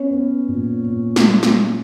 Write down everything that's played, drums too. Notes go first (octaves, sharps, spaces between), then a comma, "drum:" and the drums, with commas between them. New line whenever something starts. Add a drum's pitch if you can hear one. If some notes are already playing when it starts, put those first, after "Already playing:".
Already playing: B3 C#4
B3
A#2
A#2
drum: snare
drum: snare